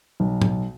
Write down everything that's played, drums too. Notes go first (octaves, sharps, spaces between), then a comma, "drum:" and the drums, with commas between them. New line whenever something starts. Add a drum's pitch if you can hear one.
B1
drum: tom